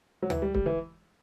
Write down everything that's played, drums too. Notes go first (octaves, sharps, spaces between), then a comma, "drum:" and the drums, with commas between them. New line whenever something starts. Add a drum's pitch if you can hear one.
F#3
E3, drum: tom D2
G3
G3, drum: kick C#1
E3